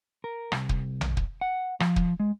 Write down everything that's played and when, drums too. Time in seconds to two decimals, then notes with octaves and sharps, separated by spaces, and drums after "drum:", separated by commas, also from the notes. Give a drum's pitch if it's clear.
0.24 A#4
0.52 C2, drum: rim click
0.69 drum: kick
1.01 drum: tom A#1
1.17 drum: kick
1.41 F#5
1.80 F3, drum: rim click
1.96 drum: kick
2.20 G#3